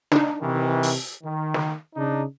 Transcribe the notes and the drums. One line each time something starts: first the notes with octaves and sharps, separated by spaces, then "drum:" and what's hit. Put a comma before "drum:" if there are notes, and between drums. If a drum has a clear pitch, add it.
D4 D#4, drum: snare
C3 D#3 E3
drum: open hi-hat
D#3
drum: snare
C#3 D4 D#4